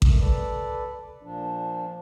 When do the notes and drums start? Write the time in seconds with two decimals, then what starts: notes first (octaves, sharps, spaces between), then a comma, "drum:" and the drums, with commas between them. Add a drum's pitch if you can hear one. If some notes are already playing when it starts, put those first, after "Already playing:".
0.02 D#3 A3, drum: kick A1
0.20 A4 B4 D5
1.23 A#2 F3 D4